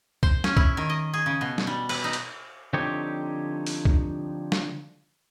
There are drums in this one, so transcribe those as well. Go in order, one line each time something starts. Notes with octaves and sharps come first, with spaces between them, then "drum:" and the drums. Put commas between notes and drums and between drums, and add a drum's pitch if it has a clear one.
C5, drum: kick
C#4, drum: snare
E4, drum: kick
D#3
D#5
G#4
C#3
B2
drum: snare
G3
B4, drum: cymbal
D#4
drum: hi-hat
D3 F3 C4 D#4 G4 C#5
drum: open hi-hat
drum: kick
drum: snare